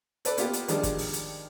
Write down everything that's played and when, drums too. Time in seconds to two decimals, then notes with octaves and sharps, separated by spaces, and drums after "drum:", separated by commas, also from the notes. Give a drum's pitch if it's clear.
0.25 A4 B4 D5, drum: hi-hat
0.38 A#3 B3 F4 G4, drum: hi-hat
0.53 drum: hi-hat
0.68 D#3 F3 G3 G#3 D4, drum: hi-hat
0.83 drum: kick, hi-hat
0.98 drum: open hi-hat
1.13 drum: hi-hat